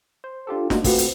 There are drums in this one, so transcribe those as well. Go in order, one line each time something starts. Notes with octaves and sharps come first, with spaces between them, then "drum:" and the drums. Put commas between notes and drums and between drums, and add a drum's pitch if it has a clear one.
C5
D4 F4 G4 A4
A#3 D4 D#4 F#4 C5, drum: snare
A3 C4 F4 F#4 B4, drum: kick, open hi-hat
drum: hi-hat